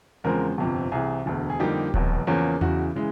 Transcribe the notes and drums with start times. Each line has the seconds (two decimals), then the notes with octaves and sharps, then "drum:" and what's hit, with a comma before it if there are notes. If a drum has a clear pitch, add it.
0.24 E2 C#3 F3 G#3 C4 A#4
0.58 G1 F2 C3
0.92 C2 C3 E3 G#4
1.26 E1 D2 D3
1.50 G#4
1.59 F2 D3 G3 A#3 D#4 G4
1.94 F1 E2 B2 F#3, drum: kick D#1
2.27 E2 C#3 F3 A#3 C#4
2.61 E2 C#3 E3 F#4, drum: tom E2
2.96 C#3 E3 G#3